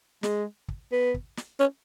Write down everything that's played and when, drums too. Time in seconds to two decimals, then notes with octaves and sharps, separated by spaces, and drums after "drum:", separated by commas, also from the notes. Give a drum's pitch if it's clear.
0.23 G#3, drum: snare
0.68 drum: kick
0.92 B3
1.14 drum: kick
1.37 drum: snare
1.60 C#4